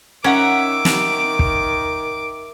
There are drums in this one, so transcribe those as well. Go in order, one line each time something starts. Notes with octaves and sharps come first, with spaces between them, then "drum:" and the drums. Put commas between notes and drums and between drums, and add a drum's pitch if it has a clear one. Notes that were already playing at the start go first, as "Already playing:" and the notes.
D#3 C#4 E5 F#5 A#5 D6
drum: snare
drum: kick